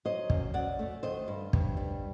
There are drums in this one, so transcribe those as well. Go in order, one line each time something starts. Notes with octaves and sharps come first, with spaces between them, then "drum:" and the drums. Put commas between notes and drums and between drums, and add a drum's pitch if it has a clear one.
F#3 C5 D#5
F#2, drum: kick
F#2 D5 F#5
A3
D#3 C5 D#5
G2
G2, drum: kick
G3